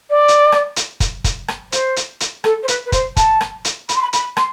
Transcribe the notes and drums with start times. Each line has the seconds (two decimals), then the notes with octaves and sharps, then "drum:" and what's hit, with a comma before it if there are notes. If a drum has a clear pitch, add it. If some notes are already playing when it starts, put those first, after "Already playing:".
0.10 D5
0.28 drum: hi-hat
0.52 drum: rim click
0.76 drum: hi-hat
1.00 drum: kick, hi-hat
1.24 drum: kick, hi-hat
1.48 drum: rim click
1.72 C5, drum: hi-hat
1.96 drum: hi-hat
2.20 drum: hi-hat
2.44 A4, drum: rim click
2.63 C5
2.68 B4, drum: hi-hat
2.86 B4
2.92 C5, drum: kick, hi-hat
3.17 A5, drum: kick, hi-hat
3.41 drum: rim click
3.65 drum: hi-hat
3.89 B5, drum: hi-hat
3.95 C6
4.02 B5
4.13 B5, drum: hi-hat
4.37 C6, drum: rim click